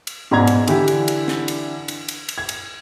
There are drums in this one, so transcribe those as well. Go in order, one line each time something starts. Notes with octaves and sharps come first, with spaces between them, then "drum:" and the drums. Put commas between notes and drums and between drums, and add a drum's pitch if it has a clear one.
drum: cymbal
G#2 B2 D4 A#5 G#6
drum: cymbal
D3 E3 E4 G4, drum: cymbal
drum: cymbal
drum: cymbal
drum: snare
drum: cymbal
drum: cymbal
drum: cymbal
drum: cymbal
G#6
drum: cymbal